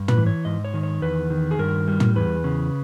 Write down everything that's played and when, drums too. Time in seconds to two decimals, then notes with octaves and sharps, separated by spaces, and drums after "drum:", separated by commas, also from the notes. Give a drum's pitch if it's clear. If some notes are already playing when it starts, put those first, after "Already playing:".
Already playing: G2
0.08 B4, drum: tom
0.17 E3
0.27 C#5
0.45 G#2 D#5
0.65 C#5
0.74 D#3
0.83 C#5
1.02 E2 B4
1.30 D#3
1.51 G#4
1.59 G2 A#4
1.88 G3
2.00 drum: tom
2.15 E2 B4
2.44 C#3